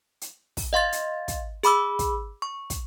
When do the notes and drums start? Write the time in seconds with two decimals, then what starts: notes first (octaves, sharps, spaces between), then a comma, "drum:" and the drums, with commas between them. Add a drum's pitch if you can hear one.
0.21 drum: hi-hat
0.57 drum: kick, open hi-hat
0.73 D#5 F5 C6 A6
0.92 drum: hi-hat
1.28 drum: kick, hi-hat
1.63 G#4 B5 D6 E6, drum: hi-hat
1.99 drum: kick, hi-hat
2.42 C#6
2.70 drum: kick, hi-hat